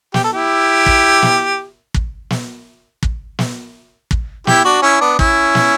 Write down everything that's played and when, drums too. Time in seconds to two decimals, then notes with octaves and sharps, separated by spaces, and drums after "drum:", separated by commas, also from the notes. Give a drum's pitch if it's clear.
0.14 G4, drum: snare
0.24 A4
0.33 E4 G4
0.86 drum: kick
1.22 drum: snare
1.94 drum: kick
2.30 drum: snare
3.03 drum: kick
3.39 drum: snare
4.11 drum: kick
4.47 E4 G4, drum: snare
4.65 D4 F#4
4.82 C#4 E4
5.01 B3 D4
5.19 C#4 E4, drum: kick
5.55 drum: snare